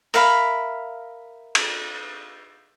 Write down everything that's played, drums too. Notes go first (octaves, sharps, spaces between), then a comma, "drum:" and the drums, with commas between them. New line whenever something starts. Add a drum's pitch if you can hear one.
A#4 E5 F5 B5, drum: open hi-hat
drum: cymbal